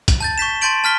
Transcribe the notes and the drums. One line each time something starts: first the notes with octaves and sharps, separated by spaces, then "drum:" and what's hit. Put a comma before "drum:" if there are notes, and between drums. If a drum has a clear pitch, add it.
drum: kick, hi-hat
A5 G6 A6
C#6 G6 B6 E7
A5 C6 G6 A6 D7 F#7
A5 F6 B6 G7